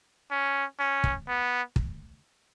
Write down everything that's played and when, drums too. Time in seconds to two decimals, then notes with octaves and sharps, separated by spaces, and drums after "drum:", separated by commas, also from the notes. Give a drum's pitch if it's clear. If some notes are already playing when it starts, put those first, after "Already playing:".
0.31 C#4
0.80 C#4
1.04 drum: kick
1.28 B3
1.76 drum: kick